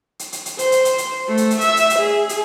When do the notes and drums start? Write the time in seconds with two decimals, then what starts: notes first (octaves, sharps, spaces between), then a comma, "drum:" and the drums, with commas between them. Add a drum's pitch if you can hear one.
0.19 drum: hi-hat
0.33 drum: hi-hat
0.46 drum: hi-hat
0.59 C5, drum: hi-hat
0.72 drum: hi-hat
0.85 drum: hi-hat
0.98 drum: hi-hat
1.28 A3
1.37 drum: hi-hat
1.51 drum: hi-hat
1.61 E5, drum: hi-hat
1.77 drum: hi-hat
1.90 drum: hi-hat
1.99 G#4
2.29 drum: hi-hat